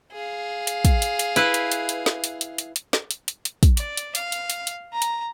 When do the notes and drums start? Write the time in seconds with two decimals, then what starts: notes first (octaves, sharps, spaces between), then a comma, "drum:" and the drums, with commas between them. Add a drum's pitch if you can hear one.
0.12 G#4 F5
0.67 drum: hi-hat
0.85 drum: kick, hi-hat
1.02 drum: hi-hat
1.19 drum: hi-hat
1.36 E4 B4, drum: hi-hat
1.54 drum: hi-hat
1.72 drum: hi-hat
1.89 drum: hi-hat
2.06 drum: snare
2.24 drum: hi-hat
2.41 drum: hi-hat
2.58 drum: hi-hat
2.76 drum: hi-hat
2.93 drum: snare
3.11 drum: hi-hat
3.28 drum: hi-hat
3.45 drum: hi-hat
3.63 drum: kick, hi-hat
3.77 D5, drum: hi-hat
3.97 drum: hi-hat
4.15 F5, drum: hi-hat
4.32 drum: hi-hat
4.50 drum: hi-hat
4.67 drum: hi-hat
4.93 A#5
5.02 drum: hi-hat